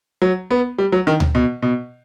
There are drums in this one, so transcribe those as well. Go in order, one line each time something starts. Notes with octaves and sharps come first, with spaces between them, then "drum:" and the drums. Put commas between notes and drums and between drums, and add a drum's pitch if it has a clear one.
F#3
B3
G3
F#3
D#3
drum: tom D2
B2
B2